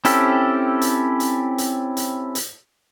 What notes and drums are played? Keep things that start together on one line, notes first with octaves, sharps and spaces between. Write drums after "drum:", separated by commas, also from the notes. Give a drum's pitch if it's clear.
C4 C#4 E4 G4 A4, drum: hi-hat
drum: hi-hat
drum: hi-hat
drum: hi-hat
drum: hi-hat
drum: hi-hat